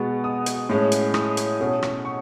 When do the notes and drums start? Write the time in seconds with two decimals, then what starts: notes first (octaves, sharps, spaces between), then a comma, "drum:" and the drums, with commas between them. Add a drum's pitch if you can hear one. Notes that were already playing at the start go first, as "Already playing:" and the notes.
Already playing: B2 G#3 B3 C#6
0.24 D#6
0.46 drum: hi-hat
0.69 A2 G#3 C#4
0.92 drum: hi-hat
1.14 D#6, drum: rim click
1.37 drum: hi-hat
1.60 B2 A3 C#4
1.82 drum: rim click
2.05 C#6